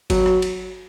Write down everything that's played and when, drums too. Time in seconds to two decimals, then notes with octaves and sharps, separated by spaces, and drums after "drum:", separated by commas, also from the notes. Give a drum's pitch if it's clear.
0.10 F#3, drum: kick G1, cymbal
0.26 drum: rim click
0.42 drum: cymbal